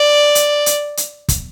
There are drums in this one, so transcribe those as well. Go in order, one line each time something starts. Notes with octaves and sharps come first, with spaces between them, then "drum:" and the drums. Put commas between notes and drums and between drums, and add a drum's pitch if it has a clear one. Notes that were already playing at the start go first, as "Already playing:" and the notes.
Already playing: D5
drum: hi-hat
drum: hi-hat
drum: hi-hat
drum: kick, hi-hat